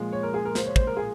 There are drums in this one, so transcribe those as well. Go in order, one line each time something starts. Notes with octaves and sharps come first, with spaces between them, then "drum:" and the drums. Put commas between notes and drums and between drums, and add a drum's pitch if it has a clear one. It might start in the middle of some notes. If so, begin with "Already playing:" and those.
Already playing: A#2 F3 G#3
C#5
A#4
G#4
A#4
C5, drum: snare
C#5
C5, drum: kick
A#4
G#4